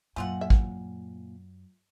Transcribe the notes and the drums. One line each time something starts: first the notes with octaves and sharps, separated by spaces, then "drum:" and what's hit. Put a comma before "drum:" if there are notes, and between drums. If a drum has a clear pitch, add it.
F#2 A#2 A3 F4 F#5 G#5
E5
drum: kick